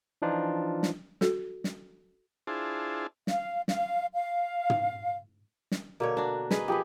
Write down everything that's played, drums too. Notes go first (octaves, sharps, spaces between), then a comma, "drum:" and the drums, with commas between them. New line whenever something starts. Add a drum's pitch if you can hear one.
E3 F3 D4 D#4 F4
drum: snare
F#4 A4, drum: snare
drum: snare
D4 E4 F4 G#4 C5 A5
F5, drum: snare
F5, drum: snare
F5
drum: tom
drum: snare
B2 D3 A#3 C#5
D4 F#4
D#4 G#4 B4, drum: snare
F3 B3 G4 G#4 B5